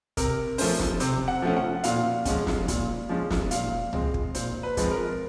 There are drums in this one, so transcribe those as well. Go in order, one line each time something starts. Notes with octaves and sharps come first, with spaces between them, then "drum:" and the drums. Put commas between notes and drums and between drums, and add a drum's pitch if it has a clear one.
C3 A#4, drum: kick, hi-hat
F3 A3 C#4 C5, drum: open hi-hat
drum: snare
C3 C5, drum: hi-hat
F#5
F3 A3 C#4
F#5
A#2 F5, drum: hi-hat
F3 G#3 C#4, drum: kick, hi-hat
drum: snare
A#2, drum: kick, hi-hat
F3 G#3 C#4
drum: snare
A#2 F5, drum: hi-hat
F3 G#3 C4, drum: tom C2
drum: kick
A#2 C5, drum: hi-hat
B4
F3 G#3 C4, drum: kick, hi-hat
A#4